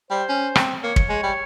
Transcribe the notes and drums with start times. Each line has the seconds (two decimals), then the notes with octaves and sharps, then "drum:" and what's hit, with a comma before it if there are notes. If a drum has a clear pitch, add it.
0.11 G3 C5
0.29 C#4
0.55 C4, drum: rim click
0.83 A#3 C#5
0.96 drum: kick
1.09 G#3
1.23 G3